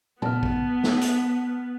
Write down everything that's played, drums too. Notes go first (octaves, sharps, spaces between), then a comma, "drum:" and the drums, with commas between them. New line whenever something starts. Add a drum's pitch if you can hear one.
B3 A5 F6, drum: tom A#2
drum: kick A1
drum: snare
drum: hi-hat